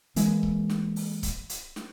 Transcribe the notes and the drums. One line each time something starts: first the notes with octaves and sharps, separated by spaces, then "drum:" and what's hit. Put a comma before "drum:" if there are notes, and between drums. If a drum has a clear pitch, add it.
E3 G#3 A#3, drum: hi-hat
drum: kick C#1
drum: snare
drum: open hi-hat
drum: kick C#1, hi-hat
drum: hi-hat
drum: snare